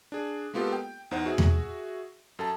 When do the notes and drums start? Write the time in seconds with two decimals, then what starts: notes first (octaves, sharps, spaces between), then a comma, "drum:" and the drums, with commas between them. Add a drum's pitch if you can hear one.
0.12 D4 G#4
0.54 G#3 A#3 B3 F4 G4 A4
0.72 G5
1.11 E2 D#4 C5 F#5
1.26 F#4 G#4 E5
1.38 drum: tom E2
2.39 F#2 A4 A5